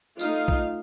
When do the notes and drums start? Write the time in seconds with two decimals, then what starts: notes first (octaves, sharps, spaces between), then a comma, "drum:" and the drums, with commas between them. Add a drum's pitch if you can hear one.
0.19 A3 D#4 F4 F5, drum: tambourine
0.48 drum: kick